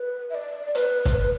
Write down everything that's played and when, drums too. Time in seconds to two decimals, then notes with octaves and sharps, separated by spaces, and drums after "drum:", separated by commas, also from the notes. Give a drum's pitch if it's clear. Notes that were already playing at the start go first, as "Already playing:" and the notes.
Already playing: B4
0.30 E5
0.35 D5
0.75 B4, drum: hi-hat
1.05 drum: kick, hi-hat
1.20 B4